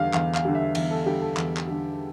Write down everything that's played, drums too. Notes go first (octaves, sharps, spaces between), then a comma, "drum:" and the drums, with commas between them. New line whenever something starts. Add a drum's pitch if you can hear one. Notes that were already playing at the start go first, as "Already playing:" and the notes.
Already playing: E2 D3 G3 F5
E2 F5, drum: clap
F5, drum: clap
D3 G3
E5
E2 E5, drum: cymbal
A4
D3 G3 G4
A4
E2, drum: clap
drum: clap
D3 G3